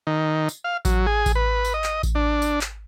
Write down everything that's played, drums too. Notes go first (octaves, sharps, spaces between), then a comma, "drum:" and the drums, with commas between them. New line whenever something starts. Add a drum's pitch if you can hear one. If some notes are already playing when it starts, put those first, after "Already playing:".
D#3
drum: tambourine
F5
F#3, drum: kick A1, tambourine
G#4
drum: kick A1, tambourine
B4
drum: tambourine
D#5
drum: clap
drum: kick A1, tambourine
D4
drum: tambourine
drum: clap